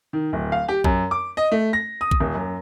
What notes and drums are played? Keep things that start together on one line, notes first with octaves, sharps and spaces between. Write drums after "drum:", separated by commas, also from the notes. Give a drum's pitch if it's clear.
D#3
D1
F5
G4
F#2, drum: kick A#1
D6
D#5
A3
A#6
D#6
drum: kick A#1
D#1
F#2